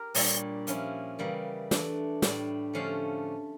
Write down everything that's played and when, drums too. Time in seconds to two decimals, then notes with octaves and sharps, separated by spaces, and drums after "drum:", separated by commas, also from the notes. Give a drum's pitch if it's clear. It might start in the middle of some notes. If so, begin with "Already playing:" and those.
Already playing: G4 A#4
0.15 A#2 G3 D4 C#5, drum: open hi-hat
0.67 F3 C#4 E4, drum: hi-hat
1.19 C#3 E3 G3 A#3
1.71 E3 A3 D4, drum: snare
2.22 A2 G3 D4, drum: snare
2.73 D3 F3 A3 C#4 F5